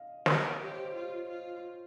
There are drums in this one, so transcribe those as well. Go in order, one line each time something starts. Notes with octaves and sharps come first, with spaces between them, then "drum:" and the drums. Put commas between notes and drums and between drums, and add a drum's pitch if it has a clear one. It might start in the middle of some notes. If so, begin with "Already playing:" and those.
Already playing: D#5 F5
A#4 D#5, drum: snare
C#5
G4
C5
F4
F4